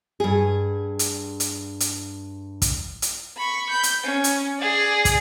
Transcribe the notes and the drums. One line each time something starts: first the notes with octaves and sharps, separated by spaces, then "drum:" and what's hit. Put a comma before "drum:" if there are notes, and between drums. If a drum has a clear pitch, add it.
G2 G#4
drum: hi-hat
drum: hi-hat
drum: hi-hat
drum: kick, hi-hat
drum: hi-hat
B5 C#6
B5 G6
drum: hi-hat
C#4
drum: hi-hat
G#4 D5
drum: kick, hi-hat